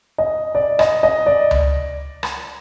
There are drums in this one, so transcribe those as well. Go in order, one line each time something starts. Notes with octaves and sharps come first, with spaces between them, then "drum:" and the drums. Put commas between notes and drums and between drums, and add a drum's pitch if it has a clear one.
D#5
D5
D#5, drum: rim click
D#5
D5
drum: tom C#2
drum: rim click